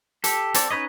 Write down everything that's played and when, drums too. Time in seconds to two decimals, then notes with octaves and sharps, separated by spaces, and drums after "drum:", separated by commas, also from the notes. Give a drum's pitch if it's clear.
0.24 G4 A4, drum: hi-hat
0.54 C4 A4 D5, drum: hi-hat
0.71 C#4 D#4 B4 C#5 D#5